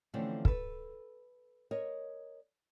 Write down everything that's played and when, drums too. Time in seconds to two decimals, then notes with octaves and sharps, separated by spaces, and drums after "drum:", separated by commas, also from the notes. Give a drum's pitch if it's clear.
0.14 D3 E3 F3 A3 C4 C#4
0.45 A4 B4, drum: kick
1.71 A#4 C#5 D#5